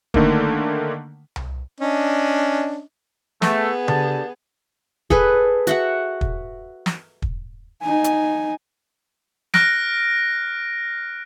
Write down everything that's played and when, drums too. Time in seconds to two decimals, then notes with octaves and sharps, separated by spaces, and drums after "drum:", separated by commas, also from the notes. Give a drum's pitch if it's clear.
0.14 D3 D#3 A3 A#3, drum: kick
1.36 drum: tom C2
1.80 C#4 D4 D#5
3.42 A3 B3 G#4, drum: snare
3.88 D3 G4 A5, drum: tom C#3
5.10 G#4 A4 B4, drum: kick
5.67 F#4 E5 F#5, drum: hi-hat
6.21 drum: kick
6.86 drum: snare
7.22 drum: kick
7.82 D#4 G#5
8.04 drum: hi-hat
9.54 F6 F#6 A#6 D7, drum: snare